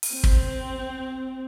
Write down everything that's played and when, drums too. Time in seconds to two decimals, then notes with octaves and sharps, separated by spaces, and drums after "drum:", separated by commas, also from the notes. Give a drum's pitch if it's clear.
0.03 drum: open hi-hat
0.14 C4
0.24 drum: kick